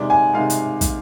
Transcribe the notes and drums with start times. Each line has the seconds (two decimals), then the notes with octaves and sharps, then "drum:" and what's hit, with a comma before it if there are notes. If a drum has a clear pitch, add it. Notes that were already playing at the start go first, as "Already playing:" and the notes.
Already playing: C3 D#3 G#3 D5
0.10 G#5
0.33 C3 D#3 G#3 F5
0.50 drum: hi-hat
0.81 drum: kick, hi-hat